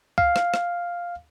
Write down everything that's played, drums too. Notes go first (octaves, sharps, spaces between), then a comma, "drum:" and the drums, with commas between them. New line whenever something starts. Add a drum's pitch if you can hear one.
F5, drum: kick C#2
drum: rim click
drum: rim click